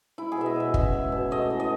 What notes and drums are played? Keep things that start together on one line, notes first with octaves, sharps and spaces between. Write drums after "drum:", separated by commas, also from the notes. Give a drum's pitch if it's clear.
G#3 E4
G#4
B2 E5
D#5
B2 E5
C#4 E5, drum: kick
G#3
B2
A3 D#5
E3
D#5